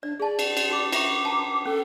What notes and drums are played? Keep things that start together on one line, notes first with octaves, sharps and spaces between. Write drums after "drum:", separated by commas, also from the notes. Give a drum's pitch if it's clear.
D4 D5
G#4 D5 A5
drum: cymbal
drum: cymbal
D#4 F#4 D6
F4 E5 C#6 D6, drum: cymbal
A5 A#5 C6
C#4 A4